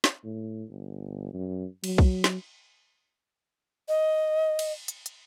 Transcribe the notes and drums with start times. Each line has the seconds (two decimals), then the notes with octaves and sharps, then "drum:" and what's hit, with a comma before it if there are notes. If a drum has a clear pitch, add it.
0.04 drum: snare
0.24 A2
0.70 G1
1.34 F#2
1.84 F#3, drum: cymbal
1.98 drum: kick B1
2.24 drum: snare
3.88 D#5
4.59 drum: cymbal
4.88 drum: hi-hat
5.06 drum: hi-hat